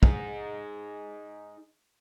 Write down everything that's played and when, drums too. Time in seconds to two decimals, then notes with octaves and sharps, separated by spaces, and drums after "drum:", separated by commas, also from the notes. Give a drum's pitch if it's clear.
0.03 D#4 G#4, drum: kick